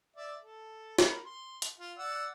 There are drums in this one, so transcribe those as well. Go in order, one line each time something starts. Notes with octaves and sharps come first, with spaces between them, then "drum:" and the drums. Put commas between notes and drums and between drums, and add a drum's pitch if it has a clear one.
D5 E5
A4
A#4 B5, drum: snare
C6
drum: hi-hat
F4
D5 F#5 E6